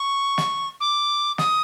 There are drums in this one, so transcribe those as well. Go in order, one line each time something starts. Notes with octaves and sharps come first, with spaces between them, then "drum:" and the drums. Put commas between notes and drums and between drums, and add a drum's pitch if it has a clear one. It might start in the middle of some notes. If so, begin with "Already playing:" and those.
Already playing: C#6
drum: snare
D6
D#6, drum: snare